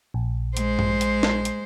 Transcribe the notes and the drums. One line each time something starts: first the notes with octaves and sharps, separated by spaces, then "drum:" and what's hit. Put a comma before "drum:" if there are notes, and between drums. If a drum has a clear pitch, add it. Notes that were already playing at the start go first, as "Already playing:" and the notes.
A#1
G#3 C5, drum: hi-hat
drum: tom G2
drum: hi-hat
drum: snare
drum: hi-hat